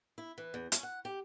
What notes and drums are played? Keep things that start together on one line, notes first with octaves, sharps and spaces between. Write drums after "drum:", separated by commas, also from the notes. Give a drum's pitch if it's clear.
E4
E3
E2
C#4, drum: hi-hat
F#5
G4